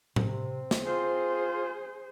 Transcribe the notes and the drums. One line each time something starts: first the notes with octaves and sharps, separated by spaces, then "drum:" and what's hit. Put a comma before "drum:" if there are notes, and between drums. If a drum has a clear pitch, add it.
C3 C4, drum: tom A2
drum: snare
F4 G#4 C5